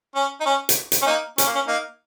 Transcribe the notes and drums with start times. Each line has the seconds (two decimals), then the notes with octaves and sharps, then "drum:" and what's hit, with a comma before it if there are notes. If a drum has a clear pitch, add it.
0.15 C#4
0.41 D#4
0.46 C#4
0.69 drum: hi-hat
0.92 drum: hi-hat
1.02 C#4
1.07 A#3 D#4
1.38 C#4, drum: hi-hat
1.46 A#3
1.55 C#4
1.67 A#3 D#4